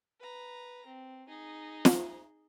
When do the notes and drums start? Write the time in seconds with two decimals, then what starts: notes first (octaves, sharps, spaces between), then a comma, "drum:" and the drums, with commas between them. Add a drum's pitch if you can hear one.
0.20 B4 A#5
0.86 C4
1.28 D#4 G#4
1.85 drum: snare